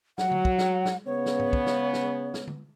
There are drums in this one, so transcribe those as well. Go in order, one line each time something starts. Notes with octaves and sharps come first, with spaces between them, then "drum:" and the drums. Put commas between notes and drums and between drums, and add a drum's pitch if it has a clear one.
F#3 F#5, drum: snare
drum: tom D3
drum: kick
drum: snare
drum: snare
C#3 B3 C#5
drum: snare
drum: tom G#2
drum: kick
drum: snare
drum: snare
drum: snare
drum: tom D3